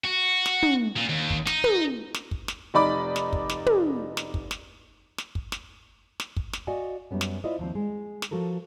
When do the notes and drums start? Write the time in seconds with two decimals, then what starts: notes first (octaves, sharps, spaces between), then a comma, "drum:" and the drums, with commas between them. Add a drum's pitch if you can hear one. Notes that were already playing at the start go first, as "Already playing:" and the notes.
0.05 F#4
0.46 drum: snare
0.63 drum: tom
0.96 A#2
1.09 D#2
1.30 drum: kick
1.47 D#4, drum: snare
1.64 drum: tom
2.14 drum: snare
2.31 drum: kick
2.48 drum: snare
2.74 F1 D#4 D5 B5 D6
3.16 drum: snare
3.33 drum: kick
3.50 drum: snare
3.66 drum: tom
4.17 drum: snare
4.34 drum: kick
4.51 drum: snare
5.18 drum: snare
5.35 drum: kick
5.52 drum: snare
6.20 drum: snare
6.36 drum: kick
6.53 drum: snare
6.67 F#4 D5 D#5 F5 F#5 G#5
7.11 F#2 G3 B3 C#4
7.21 drum: snare
7.44 E4 F4 C5 D5 D#5
7.59 D#2 F3 C4
7.75 G#3
8.22 drum: snare
8.31 F3 F#4 A4 A#4